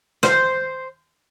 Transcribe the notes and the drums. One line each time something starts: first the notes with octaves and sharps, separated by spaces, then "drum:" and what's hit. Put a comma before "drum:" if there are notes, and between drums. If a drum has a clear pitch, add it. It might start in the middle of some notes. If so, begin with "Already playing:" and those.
C5, drum: rim click